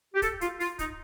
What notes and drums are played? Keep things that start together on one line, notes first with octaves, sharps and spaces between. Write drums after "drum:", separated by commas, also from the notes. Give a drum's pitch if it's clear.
G4
A4, drum: kick, hi-hat
F4, drum: hi-hat
F4, drum: open hi-hat
D#4, drum: kick, hi-hat